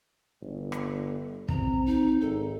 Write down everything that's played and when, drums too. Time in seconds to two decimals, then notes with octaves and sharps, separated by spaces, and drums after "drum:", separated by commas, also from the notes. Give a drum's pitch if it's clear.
0.42 G1
0.72 drum: rim click
1.49 C4 A#5, drum: kick
1.86 D#4
2.21 G#1 A4